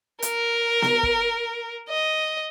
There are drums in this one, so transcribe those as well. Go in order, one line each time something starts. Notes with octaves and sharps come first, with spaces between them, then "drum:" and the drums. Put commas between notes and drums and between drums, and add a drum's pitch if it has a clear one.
A#4, drum: hi-hat
drum: snare B3
drum: kick
D#5